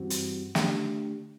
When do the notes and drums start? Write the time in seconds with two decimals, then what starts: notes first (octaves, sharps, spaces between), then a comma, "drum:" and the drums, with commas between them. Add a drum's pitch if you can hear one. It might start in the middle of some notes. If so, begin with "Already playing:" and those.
Already playing: G2 E3 G3 C4 F#4
0.10 drum: hi-hat
0.55 D3 A3 D4 G4, drum: snare